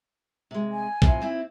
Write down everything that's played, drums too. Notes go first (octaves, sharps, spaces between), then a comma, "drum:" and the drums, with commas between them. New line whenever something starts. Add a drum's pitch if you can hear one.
C3 G#3
G#5
A2 C3 F3, drum: kick
D#2 C4 E4